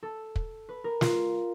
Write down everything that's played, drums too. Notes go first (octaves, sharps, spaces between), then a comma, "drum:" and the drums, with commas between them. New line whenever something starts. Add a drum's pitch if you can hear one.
A4
drum: kick
B4
A#4
F4, drum: snare